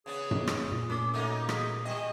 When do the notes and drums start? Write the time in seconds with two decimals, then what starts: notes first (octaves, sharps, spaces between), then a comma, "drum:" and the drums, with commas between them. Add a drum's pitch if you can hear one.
0.06 C#3 B3 C#4 G#4
0.31 drum: tom F#2
0.47 drum: rim click
0.72 A#2
0.90 A3 C#4 A#4 D6
1.14 F#3 A#3 D#4 A4 E5 D#6
1.49 G#4 D#6 B6, drum: rim click
1.85 G3 C4 D#5